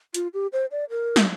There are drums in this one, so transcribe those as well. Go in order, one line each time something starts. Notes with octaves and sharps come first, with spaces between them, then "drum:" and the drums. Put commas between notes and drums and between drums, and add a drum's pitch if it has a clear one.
F4, drum: hi-hat
G4
C5
D5
A#4
drum: snare